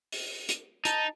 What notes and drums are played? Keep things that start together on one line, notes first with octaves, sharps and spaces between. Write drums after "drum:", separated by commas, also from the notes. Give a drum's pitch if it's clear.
drum: open hi-hat
drum: hi-hat
D#4 A5, drum: hi-hat